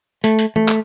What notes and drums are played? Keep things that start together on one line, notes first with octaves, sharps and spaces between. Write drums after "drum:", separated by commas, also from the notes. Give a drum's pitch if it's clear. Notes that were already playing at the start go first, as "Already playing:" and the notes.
A3, drum: hi-hat
drum: hi-hat
A3, drum: tom E3
drum: clap